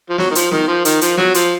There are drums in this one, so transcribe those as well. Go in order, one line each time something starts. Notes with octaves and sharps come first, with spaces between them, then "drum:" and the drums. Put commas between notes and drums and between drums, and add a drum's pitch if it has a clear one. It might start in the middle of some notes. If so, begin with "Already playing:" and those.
F3
F#3, drum: snare
D#3
F3, drum: hi-hat
D#3, drum: snare
F3
D#3, drum: hi-hat
F3, drum: hi-hat
F#3, drum: snare
F3, drum: hi-hat